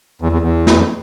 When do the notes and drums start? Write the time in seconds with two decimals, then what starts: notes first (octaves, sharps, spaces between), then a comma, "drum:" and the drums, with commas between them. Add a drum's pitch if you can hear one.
0.21 E2
0.32 E2
0.42 E2
0.67 drum: snare
0.77 F2